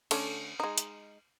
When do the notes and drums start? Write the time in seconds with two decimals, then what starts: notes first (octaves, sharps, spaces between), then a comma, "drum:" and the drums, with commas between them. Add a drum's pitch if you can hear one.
0.11 D3 A3 C#4, drum: cymbal
0.60 G#3 D#4
0.78 drum: hi-hat